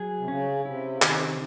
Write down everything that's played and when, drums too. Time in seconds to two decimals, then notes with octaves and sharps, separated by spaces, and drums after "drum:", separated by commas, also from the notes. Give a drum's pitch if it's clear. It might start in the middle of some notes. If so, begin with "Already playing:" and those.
Already playing: F#3 G#4
0.18 C3
0.28 C#3 C#4
0.65 C3 E4
0.93 C#3
1.02 C3 D#3, drum: clap